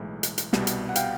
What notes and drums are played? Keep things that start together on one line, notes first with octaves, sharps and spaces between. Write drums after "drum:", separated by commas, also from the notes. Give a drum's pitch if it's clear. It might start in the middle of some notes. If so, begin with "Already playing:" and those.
Already playing: B1 A2 E3 G#3
drum: hi-hat
drum: hi-hat
C2 B2 G3, drum: snare
drum: hi-hat
F#5
F5 G5, drum: hi-hat